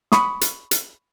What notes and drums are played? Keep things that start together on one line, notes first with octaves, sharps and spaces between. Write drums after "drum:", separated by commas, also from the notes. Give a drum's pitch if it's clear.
B5 C#6 D#6, drum: snare
drum: hi-hat
drum: hi-hat